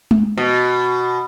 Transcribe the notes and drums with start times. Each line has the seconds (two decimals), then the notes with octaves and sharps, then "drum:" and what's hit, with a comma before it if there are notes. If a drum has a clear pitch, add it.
0.11 drum: tom G#3
0.38 B2